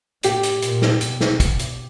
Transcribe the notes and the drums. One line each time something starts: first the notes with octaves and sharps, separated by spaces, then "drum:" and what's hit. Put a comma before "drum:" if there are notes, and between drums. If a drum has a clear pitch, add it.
A2 G4, drum: hi-hat
drum: hi-hat
A#2, drum: hi-hat
drum: snare
B2, drum: hi-hat
drum: snare
drum: kick, hi-hat
drum: hi-hat